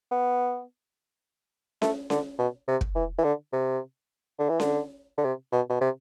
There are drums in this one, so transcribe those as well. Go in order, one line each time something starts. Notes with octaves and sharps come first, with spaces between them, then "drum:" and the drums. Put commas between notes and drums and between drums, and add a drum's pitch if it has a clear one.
B3
A3, drum: snare C#4
D3, drum: snare C#4
B2
C3
drum: kick
E3
E3
D3
C3
D3
E3
D3, drum: snare C#4
D3
C3
B2
B2
C3